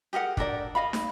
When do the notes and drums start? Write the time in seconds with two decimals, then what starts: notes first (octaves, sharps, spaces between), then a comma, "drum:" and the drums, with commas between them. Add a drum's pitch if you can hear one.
0.13 G4 G#4 A#4 F#5
0.37 D4 A4 A#4 D5, drum: kick
0.75 D#5 F5 B5
0.93 drum: snare